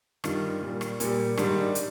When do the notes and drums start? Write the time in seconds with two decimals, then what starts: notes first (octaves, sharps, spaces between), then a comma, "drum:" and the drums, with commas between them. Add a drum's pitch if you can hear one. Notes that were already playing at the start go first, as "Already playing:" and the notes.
0.24 G2 D#3 G3 F4, drum: rim click
0.62 A#2 G3
0.81 drum: rim click
1.00 A#2 G3, drum: hi-hat
1.37 G#2 D#3 G3 D4, drum: rim click
1.75 drum: hi-hat